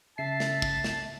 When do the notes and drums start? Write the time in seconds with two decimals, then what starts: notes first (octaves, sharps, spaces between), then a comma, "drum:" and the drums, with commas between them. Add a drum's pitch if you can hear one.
0.18 C#3 E5 A5 C7
0.40 drum: snare
0.62 drum: kick
0.84 drum: snare